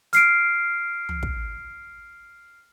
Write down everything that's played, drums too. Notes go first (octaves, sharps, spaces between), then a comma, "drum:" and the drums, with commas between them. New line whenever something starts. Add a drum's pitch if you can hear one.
F6 C7 D7, drum: hi-hat
drum: tom
drum: kick